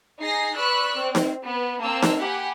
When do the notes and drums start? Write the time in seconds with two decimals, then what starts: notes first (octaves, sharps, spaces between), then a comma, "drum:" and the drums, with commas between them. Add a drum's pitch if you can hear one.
0.19 D#4 G#4 A#6 C7
0.56 B4 D5 C#6 E6 F#6
0.99 C4
1.15 drum: snare D#4
1.42 B3
1.81 A#3 C4 A5 E6
2.02 drum: snare D#4
2.18 G4 F#5 G#5 B5